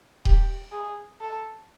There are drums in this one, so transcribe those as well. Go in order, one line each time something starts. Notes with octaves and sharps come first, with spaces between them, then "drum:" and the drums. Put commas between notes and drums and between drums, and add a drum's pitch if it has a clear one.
G4, drum: kick D#1
G#4
A4